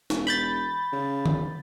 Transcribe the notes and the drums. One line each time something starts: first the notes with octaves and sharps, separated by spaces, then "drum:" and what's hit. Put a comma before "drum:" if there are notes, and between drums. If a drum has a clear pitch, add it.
E1, drum: snare
B5 G6 A6
C#3
drum: tom D3